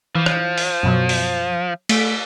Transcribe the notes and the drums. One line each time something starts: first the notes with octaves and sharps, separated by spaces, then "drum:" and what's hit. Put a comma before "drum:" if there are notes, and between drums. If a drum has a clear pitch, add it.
E3 F3
drum: rim click
drum: open hi-hat
F#2 B2 F#3
drum: open hi-hat
A3 B6 D7, drum: cymbal